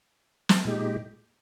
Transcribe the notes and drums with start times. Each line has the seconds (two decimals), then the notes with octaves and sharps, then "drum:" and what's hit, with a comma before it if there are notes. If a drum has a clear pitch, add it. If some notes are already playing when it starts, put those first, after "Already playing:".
0.49 drum: snare
0.65 A#2 G#3 D#4 G4